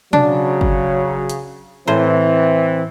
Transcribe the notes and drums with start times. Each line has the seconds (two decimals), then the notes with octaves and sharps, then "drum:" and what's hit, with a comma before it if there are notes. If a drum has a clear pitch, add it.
0.13 C#3 F#3 D4, drum: tom B2
0.61 drum: kick
1.30 drum: hi-hat
1.87 A2 E3 C4 C5